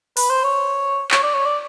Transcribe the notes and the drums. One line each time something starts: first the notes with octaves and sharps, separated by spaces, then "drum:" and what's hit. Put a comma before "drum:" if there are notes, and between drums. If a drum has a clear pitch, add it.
B4, drum: open hi-hat
C5
C#5
C#5, drum: clap
D5
C#5
D5